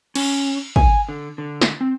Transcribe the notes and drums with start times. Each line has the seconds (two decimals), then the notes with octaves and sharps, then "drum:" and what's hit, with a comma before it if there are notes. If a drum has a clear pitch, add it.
0.15 C#4, drum: cymbal
0.76 G#5, drum: kick
1.09 D3
1.38 D3
1.61 drum: snare
1.81 C4